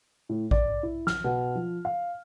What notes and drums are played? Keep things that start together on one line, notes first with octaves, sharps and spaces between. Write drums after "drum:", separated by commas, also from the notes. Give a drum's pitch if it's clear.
A2
D5, drum: kick A1
E4
F6, drum: snare
B2
F3
F5